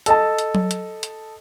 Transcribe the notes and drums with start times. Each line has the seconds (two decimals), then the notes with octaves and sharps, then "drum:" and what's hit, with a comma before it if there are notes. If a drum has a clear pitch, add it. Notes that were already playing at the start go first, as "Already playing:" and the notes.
0.06 A4 D#5 A5, drum: hi-hat
0.39 drum: hi-hat
0.55 drum: tom F#3
0.71 drum: hi-hat
1.03 drum: hi-hat